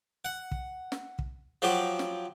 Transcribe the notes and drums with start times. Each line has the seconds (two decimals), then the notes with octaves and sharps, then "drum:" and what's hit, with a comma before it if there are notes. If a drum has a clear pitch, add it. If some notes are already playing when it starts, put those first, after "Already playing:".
0.25 F#5
0.51 drum: kick
0.92 drum: snare
1.19 drum: kick
1.62 F3 F#3 G4
1.99 drum: snare